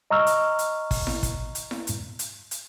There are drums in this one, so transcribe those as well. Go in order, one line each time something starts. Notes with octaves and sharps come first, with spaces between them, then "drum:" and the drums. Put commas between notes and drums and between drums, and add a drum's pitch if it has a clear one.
D#5 A#5 C#6 E6 F6
drum: hi-hat
drum: hi-hat
drum: kick, open hi-hat
drum: snare E4
drum: kick, hi-hat
drum: hi-hat
drum: snare E4
drum: hi-hat
drum: hi-hat
drum: hi-hat